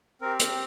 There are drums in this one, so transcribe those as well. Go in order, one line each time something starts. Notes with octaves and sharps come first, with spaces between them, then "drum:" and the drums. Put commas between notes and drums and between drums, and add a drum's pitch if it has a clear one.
C4 G4 A#4
drum: hi-hat